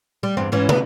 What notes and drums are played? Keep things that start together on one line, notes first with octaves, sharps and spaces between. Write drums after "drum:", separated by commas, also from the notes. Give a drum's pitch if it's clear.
G3
E2 G2 C4
G#2 E3 C#4
B3, drum: tom